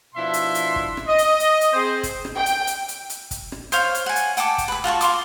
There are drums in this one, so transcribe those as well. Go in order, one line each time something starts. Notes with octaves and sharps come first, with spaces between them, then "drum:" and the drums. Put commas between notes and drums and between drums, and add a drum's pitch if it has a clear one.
B2 F3 D4 E4 E5 C6
drum: hi-hat
drum: hi-hat
drum: kick
drum: rim click
D#5
drum: hi-hat
drum: hi-hat
drum: hi-hat
C4 G#4 C5
drum: kick, hi-hat
drum: rim click
G5
drum: hi-hat
drum: hi-hat
drum: hi-hat
drum: hi-hat
drum: kick, hi-hat
drum: rim click
C5 C#5 F5, drum: hi-hat
drum: hi-hat
F#5 G#5
drum: hi-hat
F#5 G5 A5 D6, drum: hi-hat
drum: kick, hi-hat
B4 B5
F4 F#4 A5 C#6
F4 C6 D6, drum: hi-hat